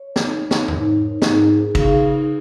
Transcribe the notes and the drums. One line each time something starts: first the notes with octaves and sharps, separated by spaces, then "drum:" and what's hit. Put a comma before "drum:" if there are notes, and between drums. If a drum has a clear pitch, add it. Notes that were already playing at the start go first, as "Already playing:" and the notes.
Already playing: C#5
D#4, drum: snare
D#4
drum: snare
G#2 A#4, drum: tom E2
D#4
G#2 G#4, drum: snare
G#4
C#3 D#4, drum: kick, cymbal
D#4